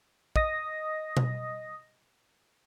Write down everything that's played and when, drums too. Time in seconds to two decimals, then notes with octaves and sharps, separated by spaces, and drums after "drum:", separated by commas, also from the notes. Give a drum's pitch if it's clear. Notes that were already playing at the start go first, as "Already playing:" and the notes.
0.36 D#5 D#6 A#6, drum: kick
1.17 drum: tom B2